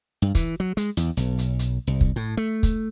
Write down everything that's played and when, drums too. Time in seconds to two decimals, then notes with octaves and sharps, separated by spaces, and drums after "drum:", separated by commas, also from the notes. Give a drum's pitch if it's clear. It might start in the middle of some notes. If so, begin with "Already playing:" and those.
0.22 G2
0.35 E3, drum: kick, hi-hat
0.60 F#3
0.77 G#3, drum: hi-hat
0.97 E2, drum: hi-hat
1.17 B1, drum: hi-hat
1.38 drum: hi-hat
1.59 drum: hi-hat
1.87 C2
2.01 drum: kick
2.16 A2
2.37 A3
2.63 drum: kick, hi-hat